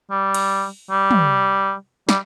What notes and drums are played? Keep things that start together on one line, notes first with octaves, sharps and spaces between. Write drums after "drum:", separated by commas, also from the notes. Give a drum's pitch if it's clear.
G3
drum: cymbal
G3
drum: tom
G3, drum: snare